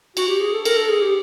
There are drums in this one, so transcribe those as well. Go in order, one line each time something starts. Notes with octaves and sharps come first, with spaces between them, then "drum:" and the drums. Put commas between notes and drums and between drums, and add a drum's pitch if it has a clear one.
F#4, drum: cymbal
G4
G#4
A4
A#4, drum: cymbal
A4
G#4
G4